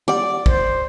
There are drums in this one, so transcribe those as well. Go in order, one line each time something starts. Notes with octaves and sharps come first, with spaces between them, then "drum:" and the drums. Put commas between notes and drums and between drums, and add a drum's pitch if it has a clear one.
G3 D5 F#5
C5, drum: kick